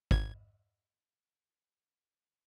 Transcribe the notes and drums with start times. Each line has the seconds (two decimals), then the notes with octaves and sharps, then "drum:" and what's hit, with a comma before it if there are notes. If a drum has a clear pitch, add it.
0.11 G#1 G#6, drum: kick